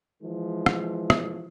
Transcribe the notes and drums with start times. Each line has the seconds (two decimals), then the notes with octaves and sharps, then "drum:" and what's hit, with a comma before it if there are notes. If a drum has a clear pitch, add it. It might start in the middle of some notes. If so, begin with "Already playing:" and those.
0.23 E3 F3 G#3
0.66 drum: rim click
1.10 drum: rim click